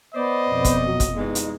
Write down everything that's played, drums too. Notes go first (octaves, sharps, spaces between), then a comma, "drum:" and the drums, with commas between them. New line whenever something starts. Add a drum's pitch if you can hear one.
B3 C5 D5 D#5
F2 B2
drum: kick, hi-hat
F#3
drum: kick, hi-hat
G2 E3 G#3 D#4
drum: hi-hat